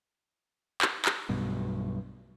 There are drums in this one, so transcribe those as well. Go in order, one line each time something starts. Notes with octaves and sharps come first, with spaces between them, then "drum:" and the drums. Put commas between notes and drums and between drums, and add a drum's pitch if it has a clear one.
drum: clap
drum: clap
B1 G2 B2